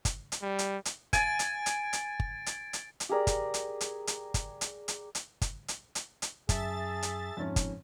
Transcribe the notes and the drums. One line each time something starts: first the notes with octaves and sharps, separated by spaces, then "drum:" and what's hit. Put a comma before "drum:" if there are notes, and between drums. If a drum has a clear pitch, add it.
drum: kick G1, hi-hat
drum: hi-hat
G3
drum: hi-hat
drum: hi-hat
G#5 A6 D7, drum: kick G1, hi-hat
drum: hi-hat
drum: hi-hat
drum: hi-hat
drum: kick G1
drum: hi-hat
drum: hi-hat
drum: hi-hat
G4 G#4 A#4 D5
drum: kick G1, hi-hat
drum: hi-hat
drum: hi-hat
drum: hi-hat
drum: kick G1, hi-hat
drum: hi-hat
drum: hi-hat
drum: hi-hat
drum: kick G1, hi-hat
drum: hi-hat
drum: hi-hat
drum: hi-hat
F#2 G#4 E5 A5 A6, drum: kick G1, hi-hat
drum: hi-hat
F2 G#2 C#4
drum: kick G1, hi-hat